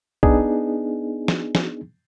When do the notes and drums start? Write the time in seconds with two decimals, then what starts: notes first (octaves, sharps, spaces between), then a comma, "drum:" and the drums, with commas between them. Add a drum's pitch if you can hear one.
0.23 B3 D4 D#4 G#4, drum: kick B1
1.28 drum: snare
1.55 drum: snare